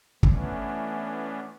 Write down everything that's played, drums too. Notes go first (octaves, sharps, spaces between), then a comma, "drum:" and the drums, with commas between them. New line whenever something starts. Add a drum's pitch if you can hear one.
E3 A3 B3 C#4 D4, drum: kick